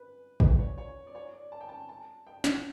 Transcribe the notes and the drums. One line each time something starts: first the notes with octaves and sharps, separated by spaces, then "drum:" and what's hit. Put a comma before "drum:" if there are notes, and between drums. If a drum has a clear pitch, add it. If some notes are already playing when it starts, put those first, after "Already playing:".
Already playing: B4
B4, drum: kick
C#5
C#5
D5
C#5
D5
A5
G5
A5
A5
G5
F#5, drum: snare